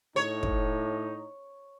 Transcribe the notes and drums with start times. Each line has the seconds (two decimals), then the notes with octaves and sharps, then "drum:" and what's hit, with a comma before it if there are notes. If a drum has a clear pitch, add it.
0.16 A2 D#4 C#5
0.43 drum: kick